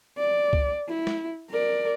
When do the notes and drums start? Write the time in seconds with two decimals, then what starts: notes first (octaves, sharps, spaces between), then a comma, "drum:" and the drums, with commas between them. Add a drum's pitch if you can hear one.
0.18 D5
0.53 drum: kick C#2
0.89 E4
1.07 drum: snare
1.50 A#4 D5